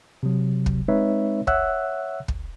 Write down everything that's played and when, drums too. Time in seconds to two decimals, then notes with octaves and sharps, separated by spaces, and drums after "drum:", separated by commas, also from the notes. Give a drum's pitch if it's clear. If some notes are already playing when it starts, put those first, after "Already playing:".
0.23 C3 F#3
0.66 drum: kick
0.88 G#3 C4 D#4 B4 C#5 E5
1.47 C#5 E5 F#5 E6 F#6, drum: kick
2.28 drum: kick